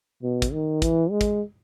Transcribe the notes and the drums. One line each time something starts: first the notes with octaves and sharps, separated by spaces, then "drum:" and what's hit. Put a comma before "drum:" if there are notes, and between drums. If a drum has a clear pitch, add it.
B2
drum: kick, hi-hat
D#3
E3, drum: kick, hi-hat
G#3
drum: kick, hi-hat